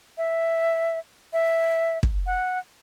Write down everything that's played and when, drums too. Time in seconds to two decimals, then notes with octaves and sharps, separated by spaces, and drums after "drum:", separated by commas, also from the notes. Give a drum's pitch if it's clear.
0.18 E5
1.33 E5
2.03 drum: kick
2.26 F#5